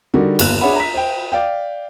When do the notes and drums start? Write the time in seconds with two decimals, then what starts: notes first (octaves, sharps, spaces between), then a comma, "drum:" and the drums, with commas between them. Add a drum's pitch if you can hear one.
0.14 D3 G3 D#4 F#4 A#4
0.39 G1 D#2 F#6, drum: cymbal
0.61 D4 G#4 C#5 E5 F#5 B5
0.76 A#5 B6
0.94 C5 G5
1.32 D5 F5 G5